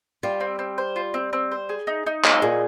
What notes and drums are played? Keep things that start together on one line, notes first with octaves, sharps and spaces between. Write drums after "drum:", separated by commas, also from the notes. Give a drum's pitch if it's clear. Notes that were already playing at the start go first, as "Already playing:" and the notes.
G3 F4
C4
C4
C5
F4
C4
C4
C5
G#4
D#4
D#4
D#5, drum: clap
A#2 G#4